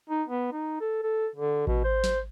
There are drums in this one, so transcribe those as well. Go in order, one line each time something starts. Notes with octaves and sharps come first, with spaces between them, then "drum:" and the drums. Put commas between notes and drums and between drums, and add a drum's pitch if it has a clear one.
D#4
B3
D#4
A4
A4
D3
B2, drum: kick A1
C5
drum: snare